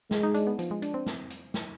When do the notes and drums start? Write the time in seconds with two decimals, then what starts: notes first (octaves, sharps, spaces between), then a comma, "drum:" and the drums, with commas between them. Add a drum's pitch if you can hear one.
0.11 G#3, drum: snare
0.23 D#4
0.34 D4, drum: hi-hat
0.47 B3
0.59 F3, drum: hi-hat
0.71 G#3
0.82 D4, drum: hi-hat
0.94 C4
1.06 drum: snare
1.30 drum: hi-hat
1.54 drum: snare